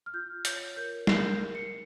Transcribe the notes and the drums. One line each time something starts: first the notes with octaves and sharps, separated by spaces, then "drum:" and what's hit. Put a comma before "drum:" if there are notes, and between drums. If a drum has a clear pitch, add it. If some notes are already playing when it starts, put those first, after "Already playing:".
F6
F4 G6
C#5 G6, drum: hi-hat
A#4 G6
A#4 C7, drum: snare
A#4
C#7